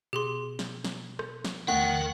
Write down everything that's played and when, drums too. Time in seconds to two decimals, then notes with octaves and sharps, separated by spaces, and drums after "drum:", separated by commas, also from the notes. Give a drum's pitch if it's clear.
0.13 B2 G4 G#4 C6
0.59 drum: snare
0.84 drum: snare
1.19 drum: rim click
1.45 drum: snare
1.68 D#2 A3 A#4 F#5 G5, drum: tom